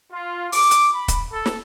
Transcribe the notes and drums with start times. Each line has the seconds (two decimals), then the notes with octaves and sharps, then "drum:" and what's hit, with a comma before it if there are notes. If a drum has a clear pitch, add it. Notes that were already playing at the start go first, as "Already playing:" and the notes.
0.12 F4
0.52 D6, drum: open hi-hat
0.71 drum: hi-hat
0.93 B5
1.08 drum: kick, hi-hat
1.31 A4
1.46 drum: snare